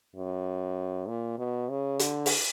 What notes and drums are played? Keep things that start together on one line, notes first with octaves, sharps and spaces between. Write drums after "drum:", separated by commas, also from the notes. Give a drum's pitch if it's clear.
F#2
A#2
B2
C#3
D3, drum: hi-hat
drum: open hi-hat